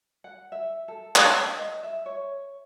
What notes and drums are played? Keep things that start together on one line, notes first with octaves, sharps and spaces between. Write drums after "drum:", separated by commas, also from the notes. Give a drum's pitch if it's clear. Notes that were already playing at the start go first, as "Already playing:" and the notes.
F#5
E5
A4
drum: clap
D#5
E5
C#5